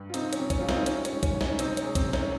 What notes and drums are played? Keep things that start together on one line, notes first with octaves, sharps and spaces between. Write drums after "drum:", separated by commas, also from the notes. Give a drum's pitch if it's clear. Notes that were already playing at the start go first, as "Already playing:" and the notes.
Already playing: G2
F4
C3 C4 D#4, drum: hi-hat
C#4, drum: hi-hat
C3
C#4, drum: kick B1, hi-hat
G#3 F4
C4 D#4, drum: snare
G3 C#4, drum: hi-hat
C#4, drum: hi-hat
G#2
C#4, drum: kick B1, hi-hat
G#2
C#4, drum: snare
C3 C4 D#4, drum: hi-hat
C#4, drum: hi-hat
G#3
C4, drum: kick B1, hi-hat
C3
C#4, drum: snare